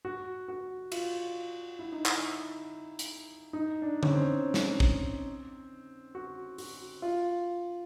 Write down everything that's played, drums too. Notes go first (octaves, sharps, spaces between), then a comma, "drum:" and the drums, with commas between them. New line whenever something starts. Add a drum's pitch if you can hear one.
F#4
F#4
F4, drum: cymbal
E4
D#4
E4, drum: clap
drum: hi-hat
D#4
D4
C#4, drum: tom D3
C4
drum: snare
drum: kick
F#4
F#4, drum: open hi-hat
F4